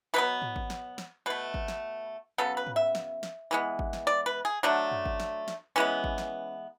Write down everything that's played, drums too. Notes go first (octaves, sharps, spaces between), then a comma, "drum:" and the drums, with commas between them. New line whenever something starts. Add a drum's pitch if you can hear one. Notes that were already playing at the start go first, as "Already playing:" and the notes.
B2 F#3 B3 B4
drum: tom G#2
drum: kick G#1
drum: snare
drum: snare
B2 A3 B4
drum: kick G#1
drum: snare
C#3 F#3 B3 A4
B4
drum: tom G#2
E5
drum: snare
drum: snare
E3 G#3 B3
drum: kick G#1
drum: snare
D5
B4
G#4
D3 F#3 A3 D4
drum: tom F#2
drum: kick G#1
drum: snare
drum: snare
E3 G#3 B3 C#4
drum: kick G#1
drum: snare